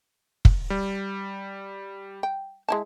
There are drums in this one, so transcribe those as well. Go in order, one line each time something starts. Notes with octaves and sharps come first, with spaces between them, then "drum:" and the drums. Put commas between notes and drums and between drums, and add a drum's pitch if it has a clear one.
drum: kick
G3
G5
G#3 E4 A5